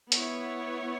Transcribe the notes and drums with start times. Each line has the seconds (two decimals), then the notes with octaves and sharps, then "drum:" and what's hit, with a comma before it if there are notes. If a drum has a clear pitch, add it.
0.12 B3 E4 C#5, drum: hi-hat